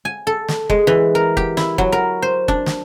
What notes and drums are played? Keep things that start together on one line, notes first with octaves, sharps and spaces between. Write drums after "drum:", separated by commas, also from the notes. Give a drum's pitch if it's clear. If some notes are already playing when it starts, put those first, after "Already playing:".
G#5
A4
drum: snare
G#3, drum: kick
E3
A#4
G4, drum: kick
E4, drum: snare
F#3, drum: kick
A#4
C5
D4, drum: kick
drum: snare